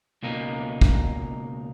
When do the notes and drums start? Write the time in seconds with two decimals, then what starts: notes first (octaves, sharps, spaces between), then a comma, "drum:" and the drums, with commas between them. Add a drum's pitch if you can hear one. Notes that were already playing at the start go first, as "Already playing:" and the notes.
0.23 C#2 B2 A#3 D#4
0.81 drum: kick